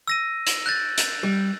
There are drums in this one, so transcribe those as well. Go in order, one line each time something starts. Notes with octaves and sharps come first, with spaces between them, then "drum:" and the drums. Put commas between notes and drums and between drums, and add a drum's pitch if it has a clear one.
E6 A#6 D#7
drum: hi-hat
F#6 G6 A6
drum: hi-hat
G3